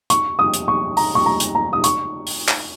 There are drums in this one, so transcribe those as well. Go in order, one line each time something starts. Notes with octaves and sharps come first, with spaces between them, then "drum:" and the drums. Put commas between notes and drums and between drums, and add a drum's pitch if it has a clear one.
C#6, drum: hi-hat
D#6
drum: hi-hat
C#6
A#5, drum: open hi-hat
C#6
A#5
drum: hi-hat
A#5
D#6
C#6, drum: hi-hat
drum: open hi-hat
drum: clap